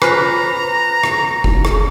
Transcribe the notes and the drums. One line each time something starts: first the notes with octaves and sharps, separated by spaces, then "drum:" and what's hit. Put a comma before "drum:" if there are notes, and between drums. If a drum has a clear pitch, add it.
F4 B4 C5 G#5 A#5, drum: rim click
drum: rim click
drum: kick F#1
drum: rim click